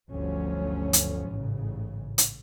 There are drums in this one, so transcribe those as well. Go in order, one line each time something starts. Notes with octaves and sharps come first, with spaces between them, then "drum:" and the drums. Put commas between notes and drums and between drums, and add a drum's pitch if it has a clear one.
G1 D2 F3 F#3 C#4
drum: hi-hat
A1 G#2 C#3
drum: hi-hat